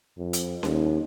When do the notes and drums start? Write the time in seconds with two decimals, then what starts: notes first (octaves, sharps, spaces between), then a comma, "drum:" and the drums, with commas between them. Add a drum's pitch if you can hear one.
0.18 F2
0.33 drum: hi-hat
0.63 D#2, drum: snare C#4